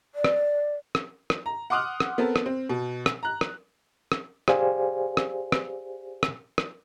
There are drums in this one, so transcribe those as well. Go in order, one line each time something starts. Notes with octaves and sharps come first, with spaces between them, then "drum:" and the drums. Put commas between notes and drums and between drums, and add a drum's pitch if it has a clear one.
D5
drum: rim click
drum: rim click
drum: rim click
A#5
F#5 C6 D6 D#6 F6 F#6
drum: rim click
B3 C4 A4 A#4
drum: rim click
C4
B2
drum: rim click
A#5 F#6
drum: rim click
drum: rim click
G4 G#4 C5 D5 F5 G#5, drum: rim click
drum: rim click
drum: rim click
drum: rim click
drum: rim click